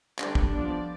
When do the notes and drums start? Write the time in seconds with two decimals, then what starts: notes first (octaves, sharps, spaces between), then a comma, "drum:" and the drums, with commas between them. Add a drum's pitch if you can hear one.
0.19 D3 G3 D4 D5, drum: clap
0.35 drum: kick
0.52 F3 B3 D4 D5